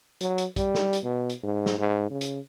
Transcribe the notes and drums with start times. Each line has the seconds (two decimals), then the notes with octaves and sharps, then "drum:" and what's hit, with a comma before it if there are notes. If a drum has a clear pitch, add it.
0.21 F#3, drum: hi-hat
0.38 drum: hi-hat
0.56 G3, drum: kick, hi-hat
0.75 drum: snare
0.93 drum: hi-hat
1.03 B2
1.30 drum: hi-hat
1.44 G#2
1.66 drum: snare
1.79 G#2
2.11 C#3
2.21 drum: hi-hat